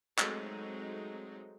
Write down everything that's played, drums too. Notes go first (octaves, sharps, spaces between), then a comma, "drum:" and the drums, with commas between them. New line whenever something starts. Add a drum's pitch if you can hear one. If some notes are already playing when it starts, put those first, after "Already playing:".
F#3 G#3 A3 C4 D#4, drum: clap